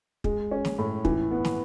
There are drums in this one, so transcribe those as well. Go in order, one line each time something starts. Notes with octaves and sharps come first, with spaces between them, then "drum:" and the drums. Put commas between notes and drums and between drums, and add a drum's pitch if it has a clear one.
G#3, drum: kick
C#4
drum: snare
A2
E3, drum: kick
B3
drum: snare